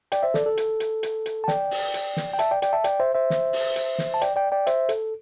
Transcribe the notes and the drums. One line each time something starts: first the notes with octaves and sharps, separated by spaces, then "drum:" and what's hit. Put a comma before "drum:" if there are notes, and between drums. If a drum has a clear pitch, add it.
D5 G5, drum: hi-hat
C5 E5
A4 D5, drum: snare
A4
drum: hi-hat
drum: hi-hat
drum: hi-hat
drum: hi-hat
A5
D5 G5, drum: snare
drum: open hi-hat
drum: hi-hat
drum: snare
G5
E5 A5, drum: hi-hat
D5 G5
D5 G5, drum: hi-hat
E5 A5
D5 G5, drum: hi-hat
C5 E5
C5 E5
drum: snare
drum: open hi-hat
drum: hi-hat
drum: snare
A5
D5 G5, drum: hi-hat
D5 G5
D5 G5
C5 E5, drum: hi-hat
A4, drum: hi-hat